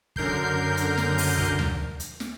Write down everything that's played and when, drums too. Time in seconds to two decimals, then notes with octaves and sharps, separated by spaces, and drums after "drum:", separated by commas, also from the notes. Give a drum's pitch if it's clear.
0.16 F#2 D3 A#4 G6 C7, drum: kick
0.77 drum: hi-hat
0.98 drum: snare
1.18 drum: open hi-hat
1.38 drum: kick
1.59 drum: tom D2
2.00 drum: hi-hat
2.20 drum: snare